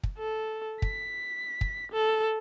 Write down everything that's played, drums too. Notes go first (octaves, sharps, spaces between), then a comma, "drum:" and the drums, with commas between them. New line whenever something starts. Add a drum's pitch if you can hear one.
drum: kick
A4
B6, drum: kick
drum: kick
A4